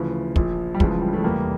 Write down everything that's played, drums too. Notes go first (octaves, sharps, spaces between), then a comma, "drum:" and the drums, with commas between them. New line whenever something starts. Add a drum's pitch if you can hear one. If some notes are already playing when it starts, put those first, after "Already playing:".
Already playing: D2 C#3 E3 F3
A#1 A#2, drum: kick
G3
C#2 C#3 E3 F3, drum: kick
F3
G3
F3 A3
F1 E2 E3 G3 A#3